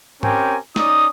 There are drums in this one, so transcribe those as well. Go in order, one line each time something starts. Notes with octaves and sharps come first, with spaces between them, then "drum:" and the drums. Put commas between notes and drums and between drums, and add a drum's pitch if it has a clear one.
C4 C#4 G4 A#4 G5 G#5, drum: tom G#2
C#4 D#4 D5 D#6, drum: snare